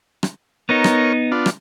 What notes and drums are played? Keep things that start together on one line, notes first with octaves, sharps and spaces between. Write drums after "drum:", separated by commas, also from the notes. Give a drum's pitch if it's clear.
drum: rim click
B3 D#4 A#4 C#5
drum: rim click
B3 D4 F4
drum: rim click